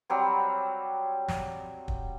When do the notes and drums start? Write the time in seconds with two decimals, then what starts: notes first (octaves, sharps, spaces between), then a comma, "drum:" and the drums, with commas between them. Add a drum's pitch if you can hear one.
0.10 F#3 G3 C4
1.28 drum: snare
1.88 drum: kick